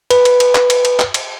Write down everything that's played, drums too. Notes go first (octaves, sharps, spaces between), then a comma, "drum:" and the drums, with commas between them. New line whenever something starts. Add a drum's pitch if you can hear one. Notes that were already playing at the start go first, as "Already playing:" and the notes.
B4, drum: cymbal
drum: cymbal
drum: cymbal
drum: clap
drum: cymbal
drum: cymbal
drum: clap
drum: cymbal